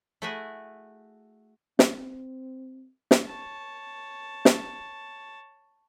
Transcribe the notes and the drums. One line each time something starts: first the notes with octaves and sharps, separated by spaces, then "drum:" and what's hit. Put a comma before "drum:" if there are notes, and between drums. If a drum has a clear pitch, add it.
A3 E4 F#4 G#4 E5
C4, drum: snare
drum: snare
C#5 A5
drum: snare